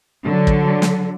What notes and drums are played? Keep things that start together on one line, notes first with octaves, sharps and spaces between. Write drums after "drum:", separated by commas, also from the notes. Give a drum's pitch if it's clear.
D3 F#3
drum: kick
drum: snare